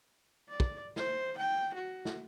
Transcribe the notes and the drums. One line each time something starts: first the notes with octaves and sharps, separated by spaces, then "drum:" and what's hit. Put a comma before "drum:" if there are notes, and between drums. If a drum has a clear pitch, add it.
D5
drum: kick
C5, drum: snare
G5
F#4
drum: snare